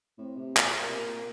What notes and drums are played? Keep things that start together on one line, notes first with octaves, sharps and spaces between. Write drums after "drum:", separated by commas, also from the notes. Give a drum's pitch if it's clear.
A2 C4
C3
A#2, drum: clap
A#2 A#3
C3
A#2